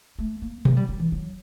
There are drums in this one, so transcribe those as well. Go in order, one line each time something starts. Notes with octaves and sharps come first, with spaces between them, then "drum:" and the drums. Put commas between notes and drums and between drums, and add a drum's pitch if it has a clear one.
A3
A#3
A3, drum: tom B2
G3
F#3
E3
F#3